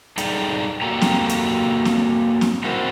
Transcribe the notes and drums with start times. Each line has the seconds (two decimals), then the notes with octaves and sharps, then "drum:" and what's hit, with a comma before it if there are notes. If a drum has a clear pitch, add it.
0.18 G3 D#4 G#4 A4 D5 G5, drum: hi-hat
0.82 A#3 F#4 G4 A4 G5 A#5
1.01 drum: snare C4
1.29 drum: hi-hat
1.85 drum: snare C4
2.41 drum: snare C4
2.63 C4 E4 F#4 A#4 C5